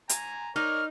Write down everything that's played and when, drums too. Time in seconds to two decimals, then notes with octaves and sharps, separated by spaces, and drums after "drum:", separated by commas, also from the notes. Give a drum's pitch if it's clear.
0.09 G#5 A#5, drum: hi-hat
0.56 D#4 A#4 C#5 D5 F6